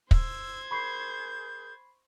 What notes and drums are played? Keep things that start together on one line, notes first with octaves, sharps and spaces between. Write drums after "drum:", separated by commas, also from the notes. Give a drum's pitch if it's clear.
C5 E6 G#6, drum: kick
G#4 A#4 B5 C#6 G6 C7